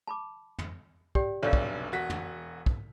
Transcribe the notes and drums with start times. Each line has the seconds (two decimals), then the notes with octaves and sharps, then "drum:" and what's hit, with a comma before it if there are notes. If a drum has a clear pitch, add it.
0.07 A5 B5 D6
0.58 drum: tom
1.15 G4 D5 G5, drum: kick
1.43 F1 B1 D3 C#5 D5 F5
1.53 drum: kick
1.92 E1 F#4 B6
2.10 drum: tom
2.66 drum: kick